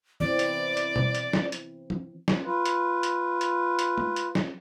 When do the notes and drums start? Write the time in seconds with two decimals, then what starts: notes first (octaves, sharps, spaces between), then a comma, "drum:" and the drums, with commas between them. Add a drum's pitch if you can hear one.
0.20 E3 C4 D5
0.39 drum: hi-hat
0.77 drum: hi-hat
0.96 drum: tom B2
1.15 drum: hi-hat
1.33 drum: snare
1.52 drum: hi-hat
1.90 drum: tom E3
2.28 drum: snare
2.44 F4 B4
2.66 drum: hi-hat
3.03 drum: hi-hat
3.41 drum: hi-hat
3.79 drum: hi-hat
3.98 drum: tom G#3
4.16 drum: hi-hat
4.35 drum: snare